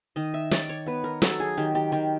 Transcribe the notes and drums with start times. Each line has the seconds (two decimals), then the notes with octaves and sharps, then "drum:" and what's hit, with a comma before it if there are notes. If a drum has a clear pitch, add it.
0.16 D#3 D#5
0.34 E5
0.51 D#3 D5, drum: snare
0.69 C#5
0.86 B3 B4
1.04 A#4
1.22 F#3 A4, drum: snare
1.40 G#4
1.57 D#3 G4
1.75 G4
1.92 D#3 G4